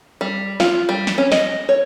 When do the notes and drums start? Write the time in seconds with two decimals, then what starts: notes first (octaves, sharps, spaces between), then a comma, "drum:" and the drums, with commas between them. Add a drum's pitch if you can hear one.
0.21 G3
0.60 F4, drum: snare
0.89 G3
1.07 drum: snare
1.18 C#4
1.32 D#5, drum: snare
1.69 C#5